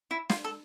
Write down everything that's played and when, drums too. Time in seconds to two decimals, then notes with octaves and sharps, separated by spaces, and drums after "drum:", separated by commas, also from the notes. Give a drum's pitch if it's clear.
0.11 E4
0.30 F4, drum: snare
0.44 A4